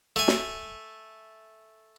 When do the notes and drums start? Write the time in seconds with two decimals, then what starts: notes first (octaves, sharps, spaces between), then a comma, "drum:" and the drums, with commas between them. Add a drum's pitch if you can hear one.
0.16 A3 G#5
0.28 drum: snare